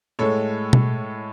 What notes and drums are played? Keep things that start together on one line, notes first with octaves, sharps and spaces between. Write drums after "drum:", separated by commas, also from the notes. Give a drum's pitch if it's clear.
A2 G#3 A4 C#5
drum: tom B2